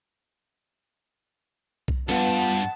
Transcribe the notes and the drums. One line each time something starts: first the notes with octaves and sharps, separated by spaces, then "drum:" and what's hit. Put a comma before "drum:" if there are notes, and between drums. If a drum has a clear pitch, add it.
drum: kick B1
G2 B3 F4 F#5 A5, drum: snare